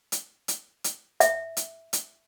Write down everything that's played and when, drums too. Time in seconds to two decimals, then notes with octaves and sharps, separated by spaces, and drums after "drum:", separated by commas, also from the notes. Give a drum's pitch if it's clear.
0.12 drum: hi-hat
0.48 drum: hi-hat
0.84 drum: hi-hat
1.20 E5, drum: hi-hat
1.57 drum: hi-hat
1.93 drum: hi-hat